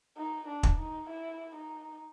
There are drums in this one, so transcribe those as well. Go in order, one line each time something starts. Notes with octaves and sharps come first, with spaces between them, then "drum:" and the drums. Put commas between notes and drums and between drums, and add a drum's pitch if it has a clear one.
D#4
D4
drum: kick
D#4
E4
D#4